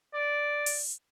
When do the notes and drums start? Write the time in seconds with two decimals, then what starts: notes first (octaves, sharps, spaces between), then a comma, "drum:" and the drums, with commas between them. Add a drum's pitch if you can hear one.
0.14 D5
0.66 drum: open hi-hat